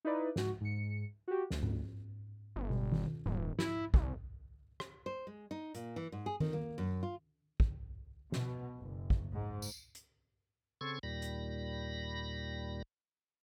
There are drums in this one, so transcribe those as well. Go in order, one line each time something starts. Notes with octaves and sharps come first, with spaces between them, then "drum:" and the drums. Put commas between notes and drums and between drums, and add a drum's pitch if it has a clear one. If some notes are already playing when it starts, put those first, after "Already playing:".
D#4 E4 B4 D5
G#2 F#4, drum: snare
G#2 C#7
F#4 G4
D2, drum: snare
drum: tom G#2
G1
drum: tom
drum: tom D#3
D#1, drum: tom G#2
E4, drum: snare
C2, drum: kick
drum: rim click
C5
G#3
D#4
A#2, drum: hi-hat
E3
G#2
G#4
D#3, drum: tom D#3
A#3
F#2
F4
drum: kick
B2, drum: snare
F#1
drum: kick
G#2
drum: tambourine
drum: hi-hat
C#3 C4 A4 C#6 G#6
D#2 A#2 G3 B5 A#6
drum: hi-hat